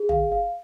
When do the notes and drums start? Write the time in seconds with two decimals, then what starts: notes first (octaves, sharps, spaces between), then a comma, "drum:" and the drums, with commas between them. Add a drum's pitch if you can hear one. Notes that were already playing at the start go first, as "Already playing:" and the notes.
Already playing: G#4
0.09 F5, drum: tom
0.32 F5